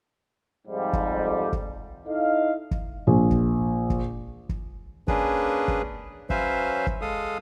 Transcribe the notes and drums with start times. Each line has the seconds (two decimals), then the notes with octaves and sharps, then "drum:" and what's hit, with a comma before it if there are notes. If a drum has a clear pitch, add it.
0.67 F2 G#2 G3
0.93 drum: kick
1.53 drum: kick
2.07 D#4 E4 A4 D#5 F5
2.71 drum: kick
3.07 A#1
3.31 drum: kick
3.90 drum: kick
4.49 drum: kick
5.08 A#3 C#4 D4 G#4 B4, drum: kick
5.68 drum: kick
6.30 F#3 C#4 B4 C5 E5 F5, drum: kick
6.87 drum: kick
7.02 G#3 A4 F5 D#6